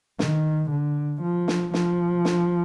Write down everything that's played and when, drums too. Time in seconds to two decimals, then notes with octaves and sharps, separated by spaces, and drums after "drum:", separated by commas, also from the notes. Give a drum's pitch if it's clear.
0.19 D#3, drum: snare
0.71 D3
1.22 F3
1.48 drum: snare
1.74 F3, drum: snare
2.25 drum: snare